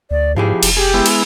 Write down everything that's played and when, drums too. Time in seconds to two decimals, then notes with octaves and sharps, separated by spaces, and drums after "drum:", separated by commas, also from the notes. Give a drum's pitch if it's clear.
0.11 D2 D5
0.36 G#2 F3 E4 G4 G#4
0.63 F1, drum: cymbal
0.77 G4 G#4
0.94 G#3 B3 E4
1.06 drum: cymbal